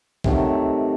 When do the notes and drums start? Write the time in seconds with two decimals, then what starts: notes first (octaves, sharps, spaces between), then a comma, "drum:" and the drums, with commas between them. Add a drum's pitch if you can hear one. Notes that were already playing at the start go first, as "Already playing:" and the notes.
0.24 C3 D#3 F#3 A3, drum: kick B1